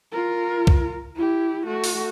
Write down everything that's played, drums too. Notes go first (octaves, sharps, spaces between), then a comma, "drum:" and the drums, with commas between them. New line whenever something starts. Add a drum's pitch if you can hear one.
F4 A#4
drum: kick C2
E4 G4
A3 F#4
drum: open hi-hat